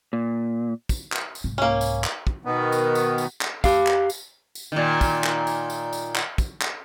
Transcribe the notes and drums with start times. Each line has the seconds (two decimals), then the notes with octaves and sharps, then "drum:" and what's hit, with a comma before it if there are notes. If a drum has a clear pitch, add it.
0.13 A#2
0.89 drum: kick, tambourine
1.12 drum: clap
1.35 drum: tambourine
1.44 C2 G#2
1.58 A#3 C#4
1.81 drum: tambourine
2.04 drum: clap
2.27 drum: kick
2.45 B2 D#3 B3
2.72 drum: tambourine
2.95 drum: tambourine
3.18 drum: tambourine
3.41 drum: clap
3.64 G4 F5, drum: kick, tambourine
3.87 drum: clap
4.10 drum: tambourine
4.55 drum: tambourine
4.72 A#2 D#3
5.01 drum: kick, tambourine
5.24 drum: clap
5.47 drum: tambourine
5.70 drum: tambourine
5.93 drum: tambourine
6.15 drum: clap
6.38 drum: kick, tambourine
6.61 drum: clap